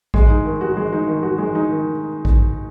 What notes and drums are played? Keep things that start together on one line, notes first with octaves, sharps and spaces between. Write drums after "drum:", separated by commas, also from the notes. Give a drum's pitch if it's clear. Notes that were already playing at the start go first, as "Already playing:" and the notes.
G#3, drum: kick A1
D#4
D#3
F#4
G#3
D#4
D#3
F#4
G#3
D#4
D#3
drum: kick A1